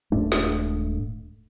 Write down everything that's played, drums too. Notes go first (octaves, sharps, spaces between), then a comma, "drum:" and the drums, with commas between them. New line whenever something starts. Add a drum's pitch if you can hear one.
D#1 G#2 A3 D4
drum: snare